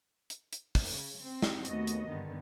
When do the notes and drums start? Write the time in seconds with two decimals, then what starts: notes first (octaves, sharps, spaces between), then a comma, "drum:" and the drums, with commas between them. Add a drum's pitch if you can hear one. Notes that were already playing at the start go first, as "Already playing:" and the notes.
0.30 drum: hi-hat
0.53 drum: hi-hat
0.75 drum: kick, open hi-hat
0.90 C#3
1.22 C4
1.42 drum: snare
1.65 D#2 A3 B3 F#4 D#5, drum: hi-hat
1.87 drum: hi-hat
2.07 G2 D3 D#3 B3